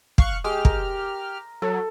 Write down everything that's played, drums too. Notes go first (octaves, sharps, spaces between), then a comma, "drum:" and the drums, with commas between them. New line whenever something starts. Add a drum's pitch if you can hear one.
F5 C#6 F#6, drum: kick
G#3 G4 F6
A#4, drum: kick
F#3 A4